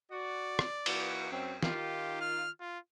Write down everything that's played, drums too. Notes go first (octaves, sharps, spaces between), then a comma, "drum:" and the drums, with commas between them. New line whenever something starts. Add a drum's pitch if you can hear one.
F#4 D5
drum: rim click
E3 A#3 F#4, drum: cymbal
F#2 F#3 C4
D#3 F4 G4, drum: snare
F6
F4